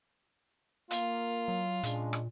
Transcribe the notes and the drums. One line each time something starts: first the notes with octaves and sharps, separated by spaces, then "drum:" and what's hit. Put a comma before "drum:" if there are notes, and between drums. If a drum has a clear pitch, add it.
A#3 F4, drum: hi-hat
F#3
A#2 C#3 G#3 D4, drum: hi-hat
drum: rim click